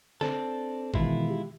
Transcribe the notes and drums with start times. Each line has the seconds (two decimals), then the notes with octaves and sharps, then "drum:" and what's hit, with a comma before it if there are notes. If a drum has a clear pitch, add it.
0.21 C4 D4 A4, drum: snare
0.94 B2 D#3 E3 G#3 E4 F4, drum: kick
1.30 G4